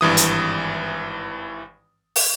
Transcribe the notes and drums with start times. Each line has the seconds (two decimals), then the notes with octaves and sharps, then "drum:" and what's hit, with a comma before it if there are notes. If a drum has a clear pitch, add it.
0.01 G#1 G2 E3 D#6
0.17 drum: hi-hat
2.16 drum: open hi-hat